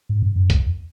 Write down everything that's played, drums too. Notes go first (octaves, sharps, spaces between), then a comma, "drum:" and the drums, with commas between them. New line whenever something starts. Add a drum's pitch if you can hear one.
G#2
G2
F#2
F2, drum: kick C2, hi-hat
E2